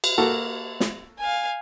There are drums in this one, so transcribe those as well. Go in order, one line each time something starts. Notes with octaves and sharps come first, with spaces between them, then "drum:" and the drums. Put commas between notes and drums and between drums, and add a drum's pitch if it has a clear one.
drum: cymbal
A#3 F#4 A4
drum: snare
F5 G#5